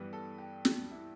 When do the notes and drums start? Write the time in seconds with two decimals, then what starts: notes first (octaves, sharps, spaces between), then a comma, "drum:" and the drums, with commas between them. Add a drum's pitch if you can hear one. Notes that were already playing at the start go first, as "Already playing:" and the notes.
Already playing: G2 E3 G3 B3 B4
0.13 A4
0.38 G4
0.65 drum: snare
0.91 E4